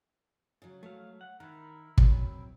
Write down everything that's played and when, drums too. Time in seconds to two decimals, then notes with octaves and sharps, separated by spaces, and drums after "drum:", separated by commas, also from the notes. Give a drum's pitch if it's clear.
0.62 C#3 F#3
0.83 F#3 A3 F5
1.21 F#5
1.40 D#3 E4 A#4
1.98 F#3 C4, drum: kick